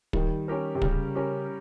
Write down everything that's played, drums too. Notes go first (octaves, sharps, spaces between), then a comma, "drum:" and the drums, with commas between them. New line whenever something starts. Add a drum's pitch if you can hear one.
D#3 G3, drum: kick
C#4 G4 A#4
C3
C#3 G3, drum: kick
C#4 G4 A#4